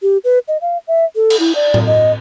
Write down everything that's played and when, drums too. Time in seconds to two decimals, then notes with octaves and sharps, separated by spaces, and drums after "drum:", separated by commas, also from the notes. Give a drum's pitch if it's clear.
0.02 G4
0.24 B4
0.48 D#5
0.62 F5
0.88 E5
1.16 A4
1.30 drum: cymbal
1.40 E4
1.55 D5
1.74 drum: tom A2
1.87 D#5